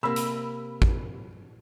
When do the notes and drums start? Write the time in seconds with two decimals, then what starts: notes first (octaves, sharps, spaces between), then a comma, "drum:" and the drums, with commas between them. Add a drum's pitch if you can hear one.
0.03 C3 A#3 B5 E6
0.16 drum: hi-hat
0.82 drum: kick A1